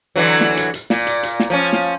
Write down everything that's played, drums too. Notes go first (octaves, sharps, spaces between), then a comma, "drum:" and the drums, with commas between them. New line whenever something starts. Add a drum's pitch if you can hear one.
D3 E3 F#3
drum: snare
drum: hi-hat
drum: hi-hat
A#2, drum: snare
drum: hi-hat
drum: hi-hat
drum: snare
F3 C#4
drum: snare